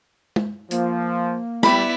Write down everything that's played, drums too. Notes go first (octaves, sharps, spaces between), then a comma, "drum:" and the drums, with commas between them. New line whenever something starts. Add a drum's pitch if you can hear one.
drum: tom
F3 A#3, drum: hi-hat
G3 B3 E4 D5 B5, drum: snare